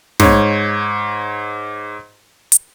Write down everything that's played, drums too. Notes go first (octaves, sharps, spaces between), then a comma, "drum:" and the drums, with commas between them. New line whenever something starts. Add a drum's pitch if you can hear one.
G#2 C#5, drum: snare
drum: hi-hat